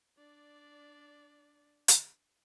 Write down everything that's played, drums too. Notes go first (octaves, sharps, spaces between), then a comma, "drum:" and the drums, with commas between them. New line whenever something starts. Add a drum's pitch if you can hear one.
D4 D5
drum: hi-hat